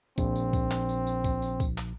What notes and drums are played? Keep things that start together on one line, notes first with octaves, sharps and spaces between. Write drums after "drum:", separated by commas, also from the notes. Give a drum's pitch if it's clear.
A#1 C4, drum: kick C2, tambourine
drum: tambourine
drum: kick C2, tambourine
drum: clap
drum: tambourine
drum: tambourine
drum: kick C2, tambourine
drum: tambourine
drum: kick C2, tambourine
drum: clap